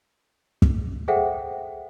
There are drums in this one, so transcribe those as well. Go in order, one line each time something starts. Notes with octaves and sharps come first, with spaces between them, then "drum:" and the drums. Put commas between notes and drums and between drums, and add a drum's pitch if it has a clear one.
drum: kick
G#4 A4 C5 E5 F#5 G5